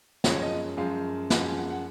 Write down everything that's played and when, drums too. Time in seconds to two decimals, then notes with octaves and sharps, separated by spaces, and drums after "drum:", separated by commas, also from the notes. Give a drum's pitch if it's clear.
0.24 F#2 F3 G#3 C#5, drum: snare
0.42 D#5
0.77 F#2 F3 G#3 F5
1.30 F#2 F3 G#3 F#5, drum: snare
1.44 G#5
1.57 F#5
1.70 F#5